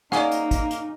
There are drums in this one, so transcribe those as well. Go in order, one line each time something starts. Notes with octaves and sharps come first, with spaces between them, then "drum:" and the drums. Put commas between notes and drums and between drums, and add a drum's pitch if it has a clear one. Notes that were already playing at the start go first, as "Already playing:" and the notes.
A#3 C#4 D#4 G#4 D5 F5 F#5, drum: snare
drum: hi-hat
drum: kick, hi-hat
drum: hi-hat